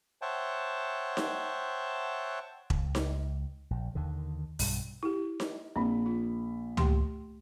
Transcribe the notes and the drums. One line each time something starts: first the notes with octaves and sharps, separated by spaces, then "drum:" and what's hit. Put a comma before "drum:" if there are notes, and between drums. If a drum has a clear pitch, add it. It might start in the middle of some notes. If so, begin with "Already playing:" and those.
C5 C#5 E5 F#5 G5 A5
drum: snare D#4
C#2, drum: kick E1
drum: snare D#4
A#1
D#2 D3 D#3
B1 G2, drum: open hi-hat
E4 G4
drum: snare D#4
A#1 C4 B5
F4
A3 G4 C6, drum: tom C#2